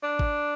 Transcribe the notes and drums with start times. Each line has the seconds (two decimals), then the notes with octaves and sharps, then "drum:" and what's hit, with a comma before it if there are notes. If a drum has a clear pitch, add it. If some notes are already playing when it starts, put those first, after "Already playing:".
0.03 D4
0.19 drum: kick G#1